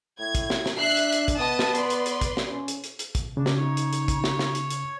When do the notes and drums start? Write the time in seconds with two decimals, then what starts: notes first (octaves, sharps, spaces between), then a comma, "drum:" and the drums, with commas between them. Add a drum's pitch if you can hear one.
0.19 A2 G#6
0.35 drum: kick, hi-hat
0.50 drum: snare
0.66 drum: snare
0.77 D4 E5 F#6 C7
0.97 drum: hi-hat
1.12 drum: hi-hat
1.28 drum: kick, hi-hat
1.39 B3 D#5 A5 D#6
1.59 drum: snare
1.75 B4 D5 C6, drum: hi-hat
1.90 drum: hi-hat
2.06 drum: hi-hat
2.21 drum: kick, hi-hat
2.37 drum: snare
2.50 C#4
2.68 drum: hi-hat
2.84 drum: hi-hat
2.99 drum: hi-hat
3.15 drum: kick, hi-hat
3.37 C#3 D4
3.46 drum: snare
3.56 D#4 C#5
3.77 drum: hi-hat
3.93 drum: hi-hat
4.08 drum: kick, hi-hat
4.24 drum: snare
4.39 drum: snare
4.55 drum: hi-hat
4.70 drum: hi-hat